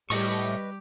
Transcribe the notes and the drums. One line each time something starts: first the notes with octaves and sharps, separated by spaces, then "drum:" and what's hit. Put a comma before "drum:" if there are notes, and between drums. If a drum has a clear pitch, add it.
A2 G3 G4 B4 D#5 C#6, drum: open hi-hat